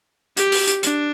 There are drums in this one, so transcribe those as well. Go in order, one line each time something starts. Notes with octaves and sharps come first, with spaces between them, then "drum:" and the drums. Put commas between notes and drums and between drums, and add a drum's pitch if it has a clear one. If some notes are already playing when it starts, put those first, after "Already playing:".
G4, drum: hi-hat
drum: open hi-hat
drum: hi-hat
D4, drum: hi-hat